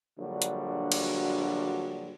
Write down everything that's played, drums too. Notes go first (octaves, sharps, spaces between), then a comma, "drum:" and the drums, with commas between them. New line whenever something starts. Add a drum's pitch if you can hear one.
A#1 D3 F#3 G3 D4 F#4
drum: hi-hat
drum: cymbal